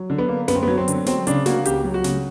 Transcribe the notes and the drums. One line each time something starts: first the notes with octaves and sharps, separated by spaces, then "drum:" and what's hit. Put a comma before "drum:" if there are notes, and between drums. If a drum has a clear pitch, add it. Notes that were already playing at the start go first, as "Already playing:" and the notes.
Already playing: F#3
D3
B3
A#3
F#2 B3, drum: snare
C4
F#3 B3
C4
D3, drum: hi-hat
F#3 C4, drum: snare
C#3 D4, drum: hi-hat
A#3 F#4, drum: snare
C#2 G4, drum: hi-hat
F#3
F#4
C#3, drum: snare